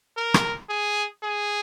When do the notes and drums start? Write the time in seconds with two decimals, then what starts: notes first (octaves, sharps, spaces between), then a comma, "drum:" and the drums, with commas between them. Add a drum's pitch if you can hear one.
0.17 A#4
0.34 drum: rim click
0.69 G#4
1.23 G#4